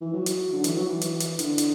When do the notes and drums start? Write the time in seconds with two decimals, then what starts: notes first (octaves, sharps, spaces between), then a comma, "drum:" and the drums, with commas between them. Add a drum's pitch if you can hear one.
0.01 E3
0.13 F#3
0.26 drum: hi-hat
0.53 D3
0.64 E3, drum: hi-hat
0.77 F#3
0.89 E3
1.01 drum: hi-hat
1.20 drum: hi-hat
1.39 D3, drum: hi-hat
1.58 drum: hi-hat